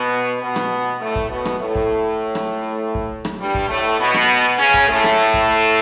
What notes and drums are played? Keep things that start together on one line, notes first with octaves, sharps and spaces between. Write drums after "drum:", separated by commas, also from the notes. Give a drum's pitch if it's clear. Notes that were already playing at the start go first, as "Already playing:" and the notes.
Already playing: B2 B3
B2 B3
drum: rim click
A2 A3
drum: kick
B2 B3
drum: rim click
A2 A3
drum: kick
drum: rim click
drum: kick
drum: rim click
G2 G3
drum: kick
A2 A3
B2 B3
drum: rim click
C#3 C#4
drum: kick
A2 A3
drum: rim click
drum: kick